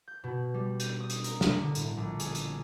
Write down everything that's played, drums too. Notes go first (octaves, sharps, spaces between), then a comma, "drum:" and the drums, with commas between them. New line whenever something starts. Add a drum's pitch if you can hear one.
G6
B2
G3
G6, drum: hi-hat
D#6
drum: hi-hat
A#4, drum: hi-hat
drum: snare
D3
A2, drum: hi-hat
A#1
G#4, drum: hi-hat
drum: hi-hat